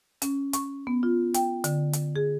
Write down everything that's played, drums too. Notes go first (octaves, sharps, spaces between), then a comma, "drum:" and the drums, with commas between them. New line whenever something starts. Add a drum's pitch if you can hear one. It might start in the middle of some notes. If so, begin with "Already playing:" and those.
C#4, drum: hi-hat
C#6, drum: hi-hat
B3
F4
G5, drum: hi-hat
D3, drum: hi-hat
drum: hi-hat
G#4